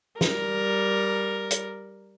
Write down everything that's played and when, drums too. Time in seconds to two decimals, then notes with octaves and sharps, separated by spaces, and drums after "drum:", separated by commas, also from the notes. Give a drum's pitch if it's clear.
0.21 G3 A#4, drum: snare
1.51 drum: hi-hat